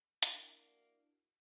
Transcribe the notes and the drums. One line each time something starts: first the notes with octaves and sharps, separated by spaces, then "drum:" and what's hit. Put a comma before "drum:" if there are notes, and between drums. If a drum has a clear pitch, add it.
A#3 D4 E4 F#4, drum: hi-hat